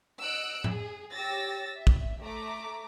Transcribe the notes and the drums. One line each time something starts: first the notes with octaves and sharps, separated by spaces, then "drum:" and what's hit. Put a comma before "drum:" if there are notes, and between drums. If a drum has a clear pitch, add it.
D#5 F#5 E6 F#6 D7
G#4, drum: tom A2
G4 C#5 E6 A6 A#6
E5
drum: kick
A3 E5 A#5 D6